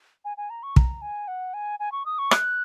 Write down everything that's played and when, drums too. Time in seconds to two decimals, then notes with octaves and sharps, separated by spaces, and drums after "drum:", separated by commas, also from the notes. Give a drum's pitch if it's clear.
0.25 G#5
0.37 G#5
0.50 A#5
0.63 C#6
0.76 A#5, drum: kick
1.02 G#5
1.28 F#5
1.54 G#5
1.80 G#5
1.92 C#6
2.06 D#6
2.19 C#6
2.31 F#6, drum: rim click